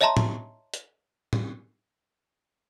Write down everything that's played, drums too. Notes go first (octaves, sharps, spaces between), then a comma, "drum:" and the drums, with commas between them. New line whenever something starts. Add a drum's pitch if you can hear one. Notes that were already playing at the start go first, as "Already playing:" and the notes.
C#5 D#5 E5 A5 A#5 C6
drum: tom A2
drum: hi-hat
drum: tom